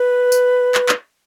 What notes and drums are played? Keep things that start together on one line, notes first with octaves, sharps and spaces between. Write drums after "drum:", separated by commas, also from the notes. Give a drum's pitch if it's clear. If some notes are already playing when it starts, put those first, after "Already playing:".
Already playing: B4
drum: tambourine
drum: clap
drum: clap